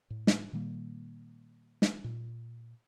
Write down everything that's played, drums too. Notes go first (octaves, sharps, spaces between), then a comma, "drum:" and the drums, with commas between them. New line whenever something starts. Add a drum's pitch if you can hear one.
A2
drum: snare
A#2 D#3 G3 A#3
drum: snare
A#2